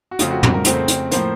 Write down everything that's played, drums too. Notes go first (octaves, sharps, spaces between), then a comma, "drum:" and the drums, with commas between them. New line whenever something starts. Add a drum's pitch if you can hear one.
F#4
F2 C#3 A3 C4 F4, drum: hi-hat
F#4
F#4, drum: tom
A#4
F2 C#3 A3 C4 C5, drum: hi-hat
drum: hi-hat
A2 F3 A#3 C5, drum: hi-hat